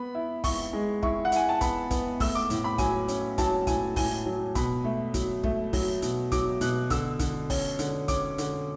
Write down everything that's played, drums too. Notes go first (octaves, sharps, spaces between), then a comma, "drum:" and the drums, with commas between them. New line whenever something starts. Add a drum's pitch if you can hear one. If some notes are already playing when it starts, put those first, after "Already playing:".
Already playing: B3 B5
E4
E4 C#6, drum: kick, open hi-hat
G#3
E4 C#6, drum: kick
F#5
E4 G#5, drum: hi-hat
A5
B3 B5, drum: kick, hi-hat
B3, drum: kick, hi-hat
A3 E6, drum: kick, open hi-hat
D6
A2, drum: hi-hat
B5
F#3 G#5, drum: kick, hi-hat
C#4, drum: hi-hat
F#3 A5, drum: kick, hi-hat
A2 G#5, drum: kick, hi-hat
A2 G#5, drum: kick, open hi-hat
F#3
B2 B5, drum: kick, hi-hat
A3
F#3, drum: kick, hi-hat
A3, drum: kick
F#3, drum: kick, open hi-hat
B2, drum: hi-hat
F#3 D6, drum: kick, hi-hat
B2 F#6, drum: hi-hat
D3 E6, drum: kick, hi-hat
D3, drum: kick, hi-hat
C#4, drum: kick, open hi-hat
D3, drum: hi-hat
C#4 D6, drum: kick, hi-hat
D3, drum: hi-hat